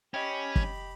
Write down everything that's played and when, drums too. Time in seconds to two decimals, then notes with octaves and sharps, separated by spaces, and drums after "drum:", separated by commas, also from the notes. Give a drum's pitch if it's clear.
0.14 C#4 G4 D#5 G5 B5
0.56 drum: kick F#1